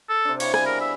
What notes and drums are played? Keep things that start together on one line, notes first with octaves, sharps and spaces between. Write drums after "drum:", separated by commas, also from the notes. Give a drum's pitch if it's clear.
A4
C3 D4
E4 G4 C#5 F5, drum: cymbal
B2 G3 G#4 G#5, drum: rim click
A#4
E5